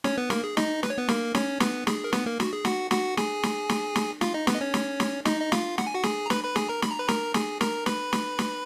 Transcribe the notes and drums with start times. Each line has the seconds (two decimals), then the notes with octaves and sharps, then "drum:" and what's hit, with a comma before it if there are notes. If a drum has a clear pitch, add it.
0.04 C#4 C#5, drum: snare
0.17 B3 B4
0.30 A#3 A#4, drum: snare
0.44 G#4
0.57 D#4 D#5, drum: snare
0.83 B4, drum: snare
0.90 C#5
0.98 B3 B4
1.08 A#3 A#4, drum: snare
1.35 C#4 C#5, drum: snare
1.60 B3 B4, drum: snare
1.87 G#4, drum: snare
2.04 A#4
2.13 B3 B4, drum: snare
2.26 A#3 A#4
2.40 F#4, drum: snare
2.53 G#4
2.65 F#4 F#5, drum: snare
2.91 F#4 F#5, drum: snare
3.17 G#4 G#5, drum: snare
3.43 drum: snare
3.69 drum: snare
3.96 drum: snare
4.21 F4 F5, drum: snare
4.34 D#4 D#5
4.47 B3 B4, drum: snare
4.54 D#5
4.61 C#4 C#5
4.74 drum: snare
5.00 drum: snare
5.25 D#4 D#5, drum: snare
5.41 D#5
5.52 F4 F5, drum: snare
5.78 F#5, drum: snare
5.87 G#5
5.94 F#4 F#5
6.03 G#4 G#5, drum: snare
6.26 A#5
6.30 B4 B5, drum: snare
6.44 B4 B5
6.56 G#4 G#5, drum: snare
6.69 A#4 A#5
6.82 B5, drum: snare
6.91 A#5
6.99 B4 B5
7.08 A#4 A#5, drum: snare
7.34 G#4 G#5, drum: snare
7.61 A#4 A#5, drum: snare
7.86 B4 B5, drum: snare
8.13 drum: snare
8.39 drum: snare